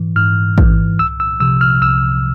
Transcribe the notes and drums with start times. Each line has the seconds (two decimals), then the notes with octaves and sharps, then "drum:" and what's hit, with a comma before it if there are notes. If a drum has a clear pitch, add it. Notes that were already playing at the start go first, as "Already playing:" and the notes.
Already playing: G#2 E3
0.16 G#2 F6
0.58 E3, drum: kick A1
0.99 C2 E6
1.20 E6
1.40 C3 F3 E6
1.61 F6
1.82 C2 E6